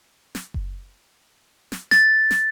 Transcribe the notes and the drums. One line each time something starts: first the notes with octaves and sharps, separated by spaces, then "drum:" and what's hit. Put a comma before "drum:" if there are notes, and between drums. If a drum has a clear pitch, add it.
drum: snare
drum: kick F#1
drum: snare
A6, drum: snare
drum: snare